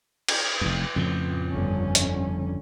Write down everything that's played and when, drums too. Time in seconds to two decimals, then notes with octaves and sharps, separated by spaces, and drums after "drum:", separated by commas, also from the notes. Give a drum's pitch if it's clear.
0.28 drum: cymbal
0.61 F1 E2
0.96 F2 A2 C#3 F3
1.50 G1 D3 C#4
1.95 drum: hi-hat